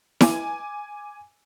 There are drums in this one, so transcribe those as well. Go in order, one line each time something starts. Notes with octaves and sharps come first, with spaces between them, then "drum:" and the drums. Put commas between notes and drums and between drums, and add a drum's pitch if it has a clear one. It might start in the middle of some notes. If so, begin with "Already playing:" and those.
G#5 D6, drum: snare E4